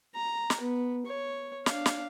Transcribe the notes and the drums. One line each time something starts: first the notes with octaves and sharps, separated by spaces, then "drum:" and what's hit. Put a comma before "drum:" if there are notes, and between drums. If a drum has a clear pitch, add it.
A#5
drum: snare
B3
C#5
D4 F5, drum: snare
drum: snare